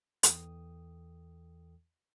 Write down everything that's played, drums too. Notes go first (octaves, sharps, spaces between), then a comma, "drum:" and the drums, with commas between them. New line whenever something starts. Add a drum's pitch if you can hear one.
E2 E3 A4 G5 D#6, drum: hi-hat